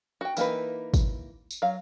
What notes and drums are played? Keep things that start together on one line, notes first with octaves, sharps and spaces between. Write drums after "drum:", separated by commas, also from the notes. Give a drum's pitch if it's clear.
F#4 G5
E3 A#3 D#4 B4, drum: tambourine
drum: kick, tambourine
drum: tambourine
F#3 F5